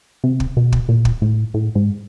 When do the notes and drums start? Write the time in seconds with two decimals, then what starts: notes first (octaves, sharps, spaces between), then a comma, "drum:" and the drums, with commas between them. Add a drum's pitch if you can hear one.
0.24 C3
0.40 drum: kick
0.57 B2
0.72 drum: kick
0.89 A#2
1.05 drum: kick
1.22 A2
1.54 A2
1.75 G#2